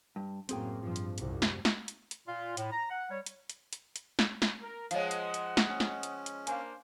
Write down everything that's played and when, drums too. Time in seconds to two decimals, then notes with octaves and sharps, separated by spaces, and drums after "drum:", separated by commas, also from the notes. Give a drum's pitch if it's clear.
0.16 G2
0.49 F#2 A2 A#3 C4 G#4 G5, drum: hi-hat
0.81 G2 F3
0.96 drum: hi-hat
1.18 C2 F#2, drum: hi-hat
1.42 drum: snare
1.65 drum: snare
1.88 drum: hi-hat
2.11 drum: hi-hat
2.27 A#2 F4 F5
2.57 A2, drum: hi-hat
2.72 A#5
2.91 F#5
3.11 G3 C#5
3.26 drum: hi-hat
3.50 drum: hi-hat
3.73 drum: hi-hat
3.96 drum: hi-hat
4.19 drum: snare
4.42 drum: snare
4.60 A#4
4.91 F3 G#3 C#5 D#5 F5 F#5, drum: hi-hat
5.11 drum: hi-hat
5.34 drum: hi-hat
5.57 drum: snare
5.69 C#4
5.80 drum: snare
6.03 drum: hi-hat
6.26 drum: hi-hat
6.47 A#3 D4 C5 F5 G#5, drum: hi-hat